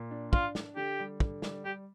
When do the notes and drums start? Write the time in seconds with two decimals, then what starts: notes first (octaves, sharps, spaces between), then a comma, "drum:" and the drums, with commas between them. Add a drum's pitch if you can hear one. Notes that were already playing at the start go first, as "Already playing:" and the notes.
Already playing: A#2
0.11 D4
0.33 D4 F4, drum: kick
0.55 D4, drum: snare
0.76 D3 G4
0.99 G3
1.20 D3, drum: kick
1.42 G3, drum: snare
1.65 G3 G4